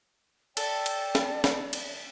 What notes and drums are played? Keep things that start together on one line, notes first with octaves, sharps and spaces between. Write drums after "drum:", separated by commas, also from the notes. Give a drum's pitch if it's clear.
A4 D5 G5, drum: cymbal
drum: cymbal
drum: snare
drum: snare
drum: cymbal